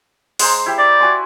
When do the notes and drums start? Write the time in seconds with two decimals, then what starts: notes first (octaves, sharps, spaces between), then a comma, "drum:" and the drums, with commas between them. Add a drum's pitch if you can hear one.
0.39 G#3 C5 A#5, drum: open hi-hat
0.66 E4 G4 E5
0.79 D5
1.00 F#4 G#5 C6